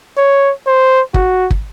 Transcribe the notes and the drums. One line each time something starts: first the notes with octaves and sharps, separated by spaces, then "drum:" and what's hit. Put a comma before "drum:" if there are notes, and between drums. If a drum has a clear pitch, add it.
C#5
C5
F#4, drum: kick
drum: kick